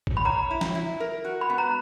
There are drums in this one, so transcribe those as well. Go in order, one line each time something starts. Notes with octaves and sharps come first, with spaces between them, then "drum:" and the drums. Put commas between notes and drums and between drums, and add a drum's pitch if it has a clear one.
drum: kick G#1
B5
C#5 A#5
E4
drum: snare
E4
A#4
F#4
B5
B3
A#5